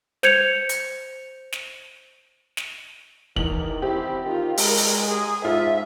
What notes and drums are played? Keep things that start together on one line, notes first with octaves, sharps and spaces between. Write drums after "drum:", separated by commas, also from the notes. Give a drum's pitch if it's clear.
C5 G6 G#6 C#7 F7, drum: snare
drum: hi-hat
drum: snare
drum: snare
E2 D#3 F#7, drum: kick
C4 E4 G4
D#3 F4
G#3 A#4, drum: open hi-hat
drum: open hi-hat
G#4
G#2 F4 E5